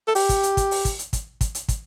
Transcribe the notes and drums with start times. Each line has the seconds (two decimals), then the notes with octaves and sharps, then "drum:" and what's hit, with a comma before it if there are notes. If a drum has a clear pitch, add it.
0.07 A4
0.15 G4, drum: open hi-hat
0.29 drum: kick, hi-hat
0.43 drum: hi-hat
0.57 drum: kick, hi-hat
0.71 drum: open hi-hat
0.85 drum: kick, hi-hat
0.99 drum: hi-hat
1.13 drum: kick, hi-hat
1.41 drum: kick, hi-hat
1.55 drum: hi-hat
1.69 drum: kick, hi-hat